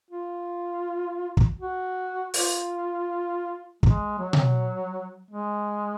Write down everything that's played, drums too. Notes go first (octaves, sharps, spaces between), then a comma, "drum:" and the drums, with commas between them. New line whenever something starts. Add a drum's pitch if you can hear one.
F4
drum: kick
F#4
F4, drum: open hi-hat
G#3, drum: kick
F#3
drum: tom B2
G#3